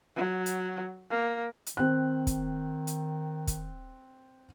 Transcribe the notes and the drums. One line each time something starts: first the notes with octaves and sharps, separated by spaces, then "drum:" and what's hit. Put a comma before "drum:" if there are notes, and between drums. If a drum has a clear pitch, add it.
F#3
drum: hi-hat
A#3
drum: hi-hat
D#3 C4 F#6
drum: kick, hi-hat
drum: hi-hat
drum: kick, hi-hat